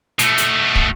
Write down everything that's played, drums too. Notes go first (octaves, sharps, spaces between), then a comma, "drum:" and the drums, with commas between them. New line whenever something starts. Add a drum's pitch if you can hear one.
B2 A3, drum: hi-hat
drum: hi-hat
drum: kick